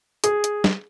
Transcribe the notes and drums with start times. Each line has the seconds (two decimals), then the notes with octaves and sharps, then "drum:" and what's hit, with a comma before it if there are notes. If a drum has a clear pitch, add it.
0.24 G#4, drum: hi-hat
0.44 drum: hi-hat
0.64 drum: snare